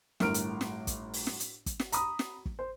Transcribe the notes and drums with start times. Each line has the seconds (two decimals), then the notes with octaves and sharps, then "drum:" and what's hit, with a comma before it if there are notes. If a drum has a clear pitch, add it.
0.20 G1 A2 A#4 F6 D7, drum: snare
0.34 drum: hi-hat
0.61 drum: snare
0.87 drum: kick, hi-hat
1.14 drum: open hi-hat
1.27 drum: snare
1.40 drum: hi-hat
1.66 drum: kick, hi-hat
1.80 drum: snare
1.92 A#5 B5 D#6, drum: hi-hat
2.19 drum: snare
2.46 drum: kick
2.59 C5